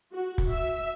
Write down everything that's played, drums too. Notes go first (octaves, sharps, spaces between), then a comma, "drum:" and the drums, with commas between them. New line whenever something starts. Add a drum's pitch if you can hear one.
F#4
drum: kick
E5